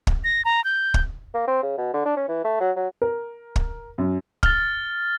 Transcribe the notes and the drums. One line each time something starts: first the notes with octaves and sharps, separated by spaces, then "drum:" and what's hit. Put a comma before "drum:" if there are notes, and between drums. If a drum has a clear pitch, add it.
drum: kick
A#6
A#5
G6
drum: kick
A#3
C4
C#3
B2
D3
D4
C#4
E3
A3
F#3
F#3
A#4
drum: kick
F#2
F6 A6, drum: kick